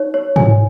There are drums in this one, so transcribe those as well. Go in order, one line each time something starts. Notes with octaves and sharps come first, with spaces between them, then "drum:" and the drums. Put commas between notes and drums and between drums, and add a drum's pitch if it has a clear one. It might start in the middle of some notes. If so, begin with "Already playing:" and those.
Already playing: D#4 C#5
C#5
G#5, drum: tom